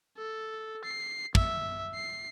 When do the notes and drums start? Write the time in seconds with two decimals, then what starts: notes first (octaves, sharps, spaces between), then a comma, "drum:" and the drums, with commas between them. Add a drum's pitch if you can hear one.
0.18 A4
0.85 C7
1.35 E5, drum: kick
1.95 C7